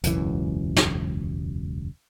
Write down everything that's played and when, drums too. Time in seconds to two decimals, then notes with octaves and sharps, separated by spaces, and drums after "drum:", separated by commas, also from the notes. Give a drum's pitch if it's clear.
0.04 E1 C#2 F#2 E3, drum: hi-hat
0.77 drum: snare